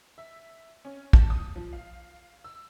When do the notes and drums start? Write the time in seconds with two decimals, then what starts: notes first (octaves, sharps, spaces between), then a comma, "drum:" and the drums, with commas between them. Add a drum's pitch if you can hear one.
0.18 E5
0.85 C#4
1.13 A5, drum: kick
1.30 D#6
1.56 F3
1.73 F5
2.44 E6